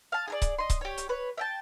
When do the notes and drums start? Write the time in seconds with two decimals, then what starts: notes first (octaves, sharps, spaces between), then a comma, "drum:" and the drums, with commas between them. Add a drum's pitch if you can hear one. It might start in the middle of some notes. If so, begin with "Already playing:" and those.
0.12 F5 A5
0.28 G#4 A#4 D5
0.42 drum: kick C#1, hi-hat
0.58 D#5 C6
0.70 drum: kick C#1, hi-hat
0.81 G4 C#5
0.98 drum: hi-hat
1.09 B4 C#5
1.38 E5 G5 A5